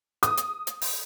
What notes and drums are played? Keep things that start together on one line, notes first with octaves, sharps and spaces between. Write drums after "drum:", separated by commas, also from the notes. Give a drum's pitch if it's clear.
D#6, drum: hi-hat
drum: hi-hat
drum: hi-hat
drum: open hi-hat